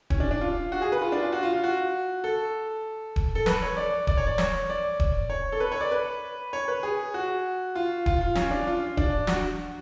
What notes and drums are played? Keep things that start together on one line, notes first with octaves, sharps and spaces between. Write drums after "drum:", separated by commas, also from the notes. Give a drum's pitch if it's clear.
C#4, drum: kick D#1
D4
D4
F4
F#4
G#4
B4
F4
D4
F4
F#4
F4
F4
F#4
A4
drum: kick D#1
A4
B4, drum: snare
C#5
D5
D5, drum: kick D#1
C#5
D5
C#5, drum: snare
D5
drum: kick D#1
C#5
A4
B4
C#5
D5
B4
C#5
B4
G#4
F#4
F4
F4, drum: kick D#1
F4
C#4, drum: snare
D4
F4
D4, drum: kick D#1
F#4, drum: snare